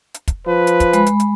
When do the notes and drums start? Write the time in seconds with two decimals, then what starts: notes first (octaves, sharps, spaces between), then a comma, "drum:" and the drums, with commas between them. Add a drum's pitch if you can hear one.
0.14 drum: hi-hat
0.28 drum: kick, hi-hat
0.47 F3 B4
0.67 drum: hi-hat
0.80 drum: kick, hi-hat
0.93 G#3 B5, drum: hi-hat
1.06 drum: hi-hat
1.20 drum: hi-hat